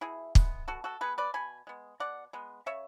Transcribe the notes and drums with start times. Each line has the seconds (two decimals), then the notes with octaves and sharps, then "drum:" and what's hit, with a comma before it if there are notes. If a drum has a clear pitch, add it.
0.01 B2 E4 G#4
0.35 G#3 B3, drum: kick
0.68 B2 F#4 A4
0.84 F#4 A4
1.01 G#3 B3 G#4 B4
1.18 B4 D5
1.34 B2 G#5 B5
1.67 G#3 B3
2.00 B2 D5 F#5
2.33 G#3 B3
2.66 C#3 C#5 E5